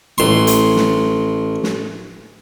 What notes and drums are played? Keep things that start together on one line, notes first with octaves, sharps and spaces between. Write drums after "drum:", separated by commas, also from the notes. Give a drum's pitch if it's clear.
A1 C6
drum: hi-hat
drum: snare
drum: snare